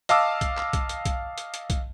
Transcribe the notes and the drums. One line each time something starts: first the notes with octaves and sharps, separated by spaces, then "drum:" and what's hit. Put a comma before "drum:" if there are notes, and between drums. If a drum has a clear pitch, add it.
D#5 F5 A5 D6 E6, drum: hi-hat
drum: kick B1, hi-hat
drum: clap
drum: kick B1, hi-hat
drum: hi-hat
drum: kick B1, hi-hat
drum: hi-hat
drum: hi-hat
drum: kick B1, hi-hat